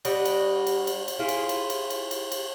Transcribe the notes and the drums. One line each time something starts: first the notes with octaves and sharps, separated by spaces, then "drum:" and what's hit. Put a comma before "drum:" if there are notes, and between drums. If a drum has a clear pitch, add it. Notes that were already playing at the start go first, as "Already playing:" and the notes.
G3 D4 F#4 D#5, drum: cymbal
drum: cymbal
drum: cymbal
drum: cymbal
drum: cymbal
E4 F4 G#4
drum: cymbal
drum: cymbal
drum: cymbal
drum: cymbal
drum: cymbal
drum: cymbal